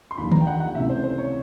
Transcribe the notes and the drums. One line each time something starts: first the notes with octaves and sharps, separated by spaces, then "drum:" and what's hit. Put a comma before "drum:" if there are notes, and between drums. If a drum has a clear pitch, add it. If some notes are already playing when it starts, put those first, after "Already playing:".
C6
D#2 D3 F3 B5
A#5, drum: tom D#3
G5
F#5
F#5
C#2 C3 E3 A3 E5
C5
C5
C#5